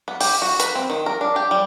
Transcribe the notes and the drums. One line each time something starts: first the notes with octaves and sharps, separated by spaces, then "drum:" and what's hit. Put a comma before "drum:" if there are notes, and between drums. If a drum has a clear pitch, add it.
B3
G4, drum: open hi-hat
F#4
B4, drum: hi-hat
C4
D#3
A#4
D4
G4
G3